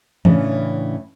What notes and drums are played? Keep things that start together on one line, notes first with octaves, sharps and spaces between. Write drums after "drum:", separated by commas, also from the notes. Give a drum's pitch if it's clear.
A2 C#3 E3 C#4 D4, drum: tom E3